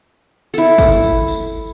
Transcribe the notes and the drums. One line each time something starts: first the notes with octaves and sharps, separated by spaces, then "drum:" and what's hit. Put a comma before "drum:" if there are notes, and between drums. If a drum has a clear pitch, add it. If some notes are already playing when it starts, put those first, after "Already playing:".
E4 A4, drum: tambourine
drum: kick, tambourine
drum: tambourine
drum: tambourine